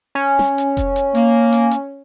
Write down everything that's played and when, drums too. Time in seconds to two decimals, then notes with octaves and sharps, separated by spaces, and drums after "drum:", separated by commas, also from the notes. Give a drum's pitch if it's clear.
0.15 C#4
0.39 drum: snare
0.58 drum: hi-hat
0.77 drum: kick F1, hi-hat
0.96 drum: hi-hat
1.15 A#3, drum: hi-hat
1.52 drum: hi-hat
1.71 drum: hi-hat